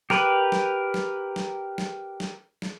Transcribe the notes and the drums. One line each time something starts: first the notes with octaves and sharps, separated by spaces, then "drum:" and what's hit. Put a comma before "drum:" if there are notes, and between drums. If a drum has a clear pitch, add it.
G4 A#4 B4, drum: snare
drum: snare
drum: snare
drum: snare
drum: snare
drum: snare
drum: snare